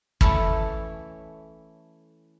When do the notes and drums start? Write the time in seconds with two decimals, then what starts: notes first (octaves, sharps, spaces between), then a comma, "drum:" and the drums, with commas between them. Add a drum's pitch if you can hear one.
0.21 E3 A3 C#4 E4 A4 C#5, drum: kick